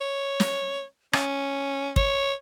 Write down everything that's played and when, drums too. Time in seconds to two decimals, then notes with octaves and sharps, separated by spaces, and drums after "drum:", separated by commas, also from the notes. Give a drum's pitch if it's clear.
0.01 C#5
0.40 drum: snare
1.13 C#4, drum: rim click
1.96 C#5, drum: kick